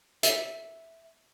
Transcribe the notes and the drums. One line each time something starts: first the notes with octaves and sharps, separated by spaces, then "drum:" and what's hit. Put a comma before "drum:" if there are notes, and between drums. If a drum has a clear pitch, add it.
E5, drum: hi-hat